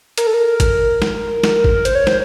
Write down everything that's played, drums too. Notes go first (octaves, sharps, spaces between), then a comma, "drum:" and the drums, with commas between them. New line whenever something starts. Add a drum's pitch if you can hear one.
A#4, drum: hi-hat
A4
A#4
drum: kick G#1, hi-hat
drum: snare
drum: snare
drum: kick G#1
C5, drum: hi-hat
C#5
C5, drum: snare